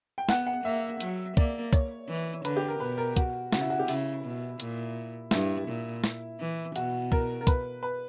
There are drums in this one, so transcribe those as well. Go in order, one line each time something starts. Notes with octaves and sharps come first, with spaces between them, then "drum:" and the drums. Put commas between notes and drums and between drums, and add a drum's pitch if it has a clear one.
G5
B3 F#5, drum: snare
F#5
A#3 E5
F#3, drum: hi-hat
A#3 D5, drum: kick
C#5, drum: kick, hi-hat
E3
D3 B4, drum: hi-hat
G4
A#4
B2 B4
A#4
F#4, drum: kick, hi-hat
C#3 F#4, drum: snare
E4
F#4
G4
C#3 E4, drum: open hi-hat
B2
A#2, drum: hi-hat
G2 E4, drum: snare
A#2
drum: snare
E3
B2 F#4, drum: hi-hat
A#4, drum: kick
A#4
B4, drum: kick, hi-hat
B4